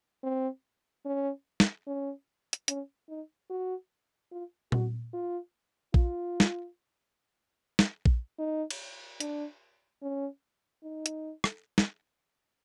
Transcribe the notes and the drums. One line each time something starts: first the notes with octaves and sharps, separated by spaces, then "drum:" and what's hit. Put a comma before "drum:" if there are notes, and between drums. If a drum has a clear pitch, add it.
C4
C#4
drum: snare
C#4
drum: hi-hat
C#4, drum: hi-hat
D#4
F#4
F4
F#4, drum: tom A#2
F4
F4, drum: kick A#1
drum: snare
drum: snare
drum: kick A#1
D#4
drum: cymbal
D4, drum: hi-hat
C#4
D#4
drum: hi-hat
drum: rim click
drum: snare